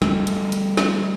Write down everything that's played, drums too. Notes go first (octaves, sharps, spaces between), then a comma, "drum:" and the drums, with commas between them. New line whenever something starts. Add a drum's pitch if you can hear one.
G3 A3, drum: snare
drum: hi-hat
drum: hi-hat
drum: snare